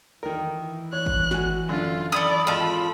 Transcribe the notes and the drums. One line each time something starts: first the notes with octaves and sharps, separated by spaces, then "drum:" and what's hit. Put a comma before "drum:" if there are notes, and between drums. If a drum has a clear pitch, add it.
D#3 E3 A#4
C#5 F#6
drum: kick G#1
F#4 G#5, drum: snare
F#2 D3 F4
E3 A4 D5 B5 D#6
G#1 F4 A4 B5